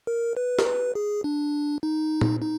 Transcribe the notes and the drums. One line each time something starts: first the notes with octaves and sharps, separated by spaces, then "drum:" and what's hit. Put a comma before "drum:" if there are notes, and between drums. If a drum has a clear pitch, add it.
A#4
B4
A#4, drum: snare
B4
G#4
D4
D#4
drum: tom A#2
D#4